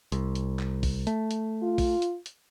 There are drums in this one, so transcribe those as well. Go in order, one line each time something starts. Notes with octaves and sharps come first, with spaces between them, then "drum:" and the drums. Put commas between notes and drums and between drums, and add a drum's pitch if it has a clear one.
C2, drum: hi-hat
drum: hi-hat
drum: clap
drum: kick, open hi-hat
A3, drum: hi-hat
drum: hi-hat
F4
drum: kick, open hi-hat
drum: hi-hat
drum: hi-hat